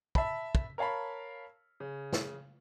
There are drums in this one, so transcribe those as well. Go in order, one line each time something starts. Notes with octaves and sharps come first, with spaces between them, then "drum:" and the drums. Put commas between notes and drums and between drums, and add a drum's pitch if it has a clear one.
E5 A5 B5, drum: kick
drum: kick
A#4 C#5 F5 A5 B5
C#3
drum: snare